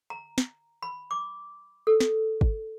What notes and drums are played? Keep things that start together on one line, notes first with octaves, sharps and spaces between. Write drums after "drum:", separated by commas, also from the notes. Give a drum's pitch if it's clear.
A#5
drum: snare
B5
D6
A4
drum: snare
drum: kick